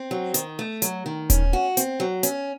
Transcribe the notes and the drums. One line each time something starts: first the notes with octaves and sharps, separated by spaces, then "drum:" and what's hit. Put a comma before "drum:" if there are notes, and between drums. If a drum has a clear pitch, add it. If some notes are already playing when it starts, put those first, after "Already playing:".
Already playing: C4
F#3
D#3, drum: hi-hat
A3
F#3, drum: hi-hat
D#3
C#4, drum: kick D#1, hi-hat
F#4
C4, drum: hi-hat
F#3
C#4, drum: hi-hat